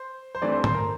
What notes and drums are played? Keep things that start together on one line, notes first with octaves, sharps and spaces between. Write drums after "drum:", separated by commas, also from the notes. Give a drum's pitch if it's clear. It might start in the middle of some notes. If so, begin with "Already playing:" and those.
Already playing: C5
C5
G2 E3 A3 C4 D5
C5
C5, drum: tom G2
A#4